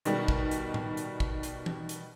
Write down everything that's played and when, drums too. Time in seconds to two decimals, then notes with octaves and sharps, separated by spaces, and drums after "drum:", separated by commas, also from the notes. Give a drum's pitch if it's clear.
0.05 B2 D#3 G3, drum: hi-hat
0.28 drum: kick
0.51 drum: hi-hat
0.74 drum: tom A2
0.97 drum: hi-hat
1.20 drum: kick
1.43 drum: hi-hat
1.66 drum: tom E3
1.89 drum: hi-hat